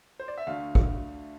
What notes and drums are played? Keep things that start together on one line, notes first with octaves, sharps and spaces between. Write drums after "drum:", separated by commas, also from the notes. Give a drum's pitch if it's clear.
C5
D5
E5
D2 D3 A3 F5
drum: kick